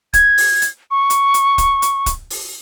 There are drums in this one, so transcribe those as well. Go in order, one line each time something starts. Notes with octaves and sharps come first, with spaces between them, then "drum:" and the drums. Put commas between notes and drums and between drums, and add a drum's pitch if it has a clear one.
G#6, drum: kick, hi-hat
drum: open hi-hat
drum: hi-hat
C#6
drum: hi-hat
drum: hi-hat
drum: kick, hi-hat
drum: hi-hat
drum: kick, hi-hat
drum: open hi-hat